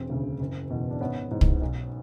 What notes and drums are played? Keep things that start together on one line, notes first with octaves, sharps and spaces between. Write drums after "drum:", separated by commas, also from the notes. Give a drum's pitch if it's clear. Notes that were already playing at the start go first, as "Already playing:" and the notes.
Already playing: E1 C4
D2 C#3
F#1
E2 B2
D4
G#1 B3 C#4
G#2 E3
drum: kick
B1